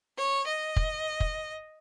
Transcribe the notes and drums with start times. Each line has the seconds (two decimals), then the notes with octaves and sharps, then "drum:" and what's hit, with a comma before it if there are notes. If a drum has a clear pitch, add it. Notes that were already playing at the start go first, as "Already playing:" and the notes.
0.18 C#5
0.47 D#5
0.76 drum: kick
1.20 drum: kick